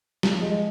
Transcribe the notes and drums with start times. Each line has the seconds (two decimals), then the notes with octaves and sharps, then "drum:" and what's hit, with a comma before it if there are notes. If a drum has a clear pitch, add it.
0.23 F3, drum: snare
0.42 G#3